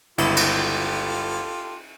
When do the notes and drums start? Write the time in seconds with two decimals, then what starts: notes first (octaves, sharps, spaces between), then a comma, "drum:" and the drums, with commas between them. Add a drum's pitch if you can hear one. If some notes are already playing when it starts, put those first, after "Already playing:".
0.18 G1 C#2 E4 F4 G4 A4, drum: cymbal
0.37 drum: cymbal